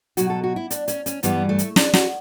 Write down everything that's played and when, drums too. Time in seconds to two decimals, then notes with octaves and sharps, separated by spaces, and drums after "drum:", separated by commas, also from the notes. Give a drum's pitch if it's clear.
0.17 B2 F#3 F#4, drum: hi-hat
0.30 A4
0.44 F#4
0.56 E4
0.71 D4, drum: hi-hat
0.88 C#4, drum: hi-hat
1.06 C#4, drum: hi-hat
1.23 G2 E3 G3 B3, drum: hi-hat
1.49 A3
1.59 drum: hi-hat
1.76 D4, drum: snare
1.94 F#4, drum: snare